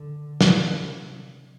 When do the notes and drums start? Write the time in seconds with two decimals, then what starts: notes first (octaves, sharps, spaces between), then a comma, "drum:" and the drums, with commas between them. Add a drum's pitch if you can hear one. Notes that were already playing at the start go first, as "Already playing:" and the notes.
Already playing: D3
0.41 C3, drum: snare